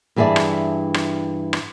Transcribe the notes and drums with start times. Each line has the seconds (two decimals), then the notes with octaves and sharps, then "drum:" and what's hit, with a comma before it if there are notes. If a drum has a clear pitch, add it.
0.16 G2 E3 G#4 D5 E5 A5
0.36 drum: rim click
0.94 drum: rim click
1.53 drum: rim click